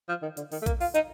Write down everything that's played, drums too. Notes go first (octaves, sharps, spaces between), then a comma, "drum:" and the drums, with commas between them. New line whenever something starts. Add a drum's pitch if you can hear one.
F3
D#3
D3, drum: hi-hat
D#3, drum: open hi-hat
A3
A#3, drum: kick A#1, hi-hat
F4, drum: open hi-hat
D#4, drum: hi-hat